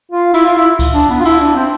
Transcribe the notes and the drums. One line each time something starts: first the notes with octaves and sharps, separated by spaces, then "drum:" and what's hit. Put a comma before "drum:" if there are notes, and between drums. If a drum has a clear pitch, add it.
F4
E4, drum: cymbal
F4
E4
drum: kick C#2, cymbal
D4
B3
F4
E4, drum: cymbal
D4
C4